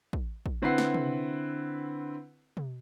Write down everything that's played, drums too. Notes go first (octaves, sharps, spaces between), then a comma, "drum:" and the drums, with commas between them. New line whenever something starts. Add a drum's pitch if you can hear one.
drum: kick
drum: kick
D3 C4 E4 B4 F#5 C7
drum: snare
drum: tom
drum: tom